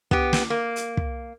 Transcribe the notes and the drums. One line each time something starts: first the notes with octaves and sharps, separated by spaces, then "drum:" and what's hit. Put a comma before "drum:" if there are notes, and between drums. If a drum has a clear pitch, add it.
B3 G4, drum: kick
drum: snare
A#3
drum: hi-hat
drum: kick